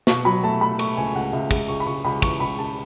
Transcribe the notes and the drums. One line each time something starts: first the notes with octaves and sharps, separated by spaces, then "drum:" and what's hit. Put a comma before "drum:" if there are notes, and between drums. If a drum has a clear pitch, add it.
B2 C#6, drum: snare
F#3 B5
A3 A5
A3 B5
A3 C#6, drum: cymbal
C#2 G#5
C#2 F#5
C#2 E5
G#3 E5, drum: kick, cymbal
C#2 C#6
B5
C#2 C#6
C#2 B5
E3 C#6, drum: kick, cymbal
C#2 B5
C#3 A5